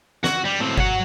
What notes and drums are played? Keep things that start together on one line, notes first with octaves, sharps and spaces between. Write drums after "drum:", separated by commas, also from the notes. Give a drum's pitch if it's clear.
F#4, drum: snare
G3
A2 C4
F#3 F#5, drum: kick G1